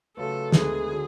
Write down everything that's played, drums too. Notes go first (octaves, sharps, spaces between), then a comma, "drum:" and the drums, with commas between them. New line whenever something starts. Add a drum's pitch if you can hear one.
C#3 F#3 A3 F4 A4 B4
D2 D3 G#3 B3 G#4, drum: snare
D3 F#3